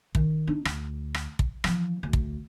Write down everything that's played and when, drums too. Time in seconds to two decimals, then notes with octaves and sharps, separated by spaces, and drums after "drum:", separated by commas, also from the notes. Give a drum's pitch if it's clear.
0.15 D#3, drum: kick
0.47 D4 D#4
0.65 D2, drum: rim click
1.14 drum: rim click
1.39 drum: kick
1.64 E3 F3, drum: rim click
2.03 D2
2.13 drum: kick